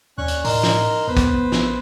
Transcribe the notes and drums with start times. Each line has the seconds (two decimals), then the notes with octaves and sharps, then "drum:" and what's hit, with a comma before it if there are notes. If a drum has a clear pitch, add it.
0.18 D#2 C#4 D5 C#6 F#6
0.28 drum: hi-hat
0.44 A2 D#4 A#4 C6, drum: open hi-hat
0.63 drum: snare
1.08 E2 B3 B4 C5
1.17 drum: kick, hi-hat
1.34 A#1
1.52 drum: snare